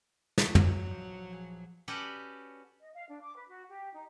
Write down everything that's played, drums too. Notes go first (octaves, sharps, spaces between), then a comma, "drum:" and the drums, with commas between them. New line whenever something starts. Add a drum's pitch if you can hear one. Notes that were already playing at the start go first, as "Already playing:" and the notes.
drum: snare
E2 G2 F#3, drum: tom
A#1 F3
G#4
C#4 F#4 G4 A4 B4 D5
D#5
F5
D4
D6
B4
F#4
G4
D#4